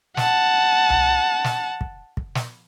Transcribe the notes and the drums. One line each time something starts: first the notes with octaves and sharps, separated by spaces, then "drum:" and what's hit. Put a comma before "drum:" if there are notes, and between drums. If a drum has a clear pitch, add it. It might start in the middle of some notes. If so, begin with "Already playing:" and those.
F#5 A5, drum: snare
drum: tom C2
drum: snare
drum: kick
drum: kick
drum: snare